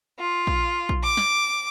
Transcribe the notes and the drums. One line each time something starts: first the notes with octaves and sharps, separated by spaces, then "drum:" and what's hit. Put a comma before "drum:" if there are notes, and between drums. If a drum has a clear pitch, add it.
F4
drum: kick A#1
drum: kick A#1
D6
drum: snare